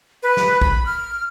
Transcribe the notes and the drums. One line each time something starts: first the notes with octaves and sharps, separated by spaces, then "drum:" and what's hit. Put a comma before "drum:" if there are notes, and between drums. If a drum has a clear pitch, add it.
B4
drum: snare
B5, drum: kick
F6